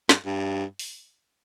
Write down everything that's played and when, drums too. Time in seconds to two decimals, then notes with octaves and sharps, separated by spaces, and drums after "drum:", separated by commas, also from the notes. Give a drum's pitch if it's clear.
0.09 G2, drum: snare
0.26 G2
0.79 drum: open hi-hat